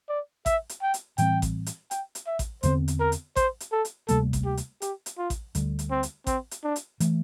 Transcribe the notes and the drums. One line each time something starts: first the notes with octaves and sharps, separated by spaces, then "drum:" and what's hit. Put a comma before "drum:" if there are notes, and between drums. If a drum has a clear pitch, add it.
D5
E5, drum: kick A1, hi-hat
drum: hi-hat
G5
drum: hi-hat
A2 E3 G3 C4 G5, drum: hi-hat
drum: kick A1, hi-hat
drum: hi-hat
G5, drum: hi-hat
drum: hi-hat
E5
drum: kick A1, hi-hat
E2 D3 A3 C4 C5, drum: hi-hat
drum: hi-hat
A#4
drum: hi-hat
C5, drum: kick A1, hi-hat
drum: hi-hat
A4
drum: hi-hat
D2 C3 G3 A#3 A4, drum: hi-hat
drum: kick A1, hi-hat
G4
drum: hi-hat
G4, drum: hi-hat
drum: hi-hat
F4
drum: kick A1, hi-hat
D2 D3 G3, drum: hi-hat
drum: hi-hat
C4
drum: hi-hat
C4, drum: kick A1, hi-hat
drum: hi-hat
D4
drum: hi-hat
E3 A3, drum: hi-hat